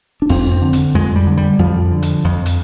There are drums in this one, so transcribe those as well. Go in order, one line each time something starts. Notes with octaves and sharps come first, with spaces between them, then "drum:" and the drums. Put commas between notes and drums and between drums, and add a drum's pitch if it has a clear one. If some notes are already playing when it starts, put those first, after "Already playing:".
D4
F2 C4, drum: kick, open hi-hat
C4
D3
drum: hi-hat
F2 G#3
G3
D3
G3
F2 F3
D3
drum: hi-hat
F2
drum: hi-hat